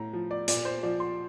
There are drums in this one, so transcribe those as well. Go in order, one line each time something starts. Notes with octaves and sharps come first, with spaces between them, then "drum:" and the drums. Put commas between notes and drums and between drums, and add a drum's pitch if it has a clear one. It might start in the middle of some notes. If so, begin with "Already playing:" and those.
Already playing: A2 A#5
F3
D5
A#2 D5, drum: hi-hat
C5
F3 D5
C6